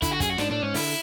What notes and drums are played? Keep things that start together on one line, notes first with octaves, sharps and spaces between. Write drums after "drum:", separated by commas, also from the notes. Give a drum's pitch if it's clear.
D3 E4, drum: kick, hi-hat
F#4
F#2 G#4, drum: kick, hi-hat
F#4
G#2 D4, drum: snare
A2 D4
G#2 C#4
D3 E4, drum: open hi-hat